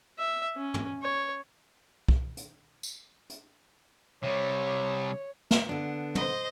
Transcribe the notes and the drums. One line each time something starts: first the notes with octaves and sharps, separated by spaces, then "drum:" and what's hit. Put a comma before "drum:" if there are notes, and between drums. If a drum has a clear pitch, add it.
E5
C#4
drum: tom
C#5
drum: kick C2
drum: hi-hat
drum: tambourine
drum: hi-hat
C3 G3 C#5
drum: snare
D3 B3 D4
C5 D#5, drum: tom